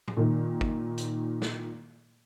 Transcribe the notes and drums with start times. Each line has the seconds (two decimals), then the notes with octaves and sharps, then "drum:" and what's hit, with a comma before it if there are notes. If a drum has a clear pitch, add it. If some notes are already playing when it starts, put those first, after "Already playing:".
0.08 drum: tom A2
0.17 A#2 D#3
0.61 drum: kick
0.98 drum: hi-hat
1.42 drum: snare